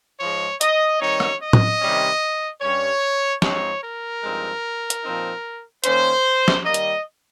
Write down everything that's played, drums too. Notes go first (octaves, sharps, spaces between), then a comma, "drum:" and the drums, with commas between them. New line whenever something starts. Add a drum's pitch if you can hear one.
G#2 F3 G#3 C#5
D#5, drum: hi-hat
D#3 G3 C4 D#4 C#5
drum: rim click
D#5
drum: tom A2
C3 D#3 G3 C#4
G2 G3 C#4 C#5
G#2 F3 G#3 C4 D#4 C#5, drum: snare
A#4
G2 F3 G#3 C4 D#4
drum: hi-hat
A#2 F3 C4 D#4
D#3 A#3 C#4 C5, drum: hi-hat
drum: snare
D#3 G3 A#3 D#5
drum: hi-hat